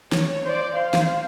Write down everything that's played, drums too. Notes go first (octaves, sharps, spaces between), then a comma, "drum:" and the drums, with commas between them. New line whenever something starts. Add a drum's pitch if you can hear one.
C#5, drum: snare
C5 D5
C5 F5
drum: snare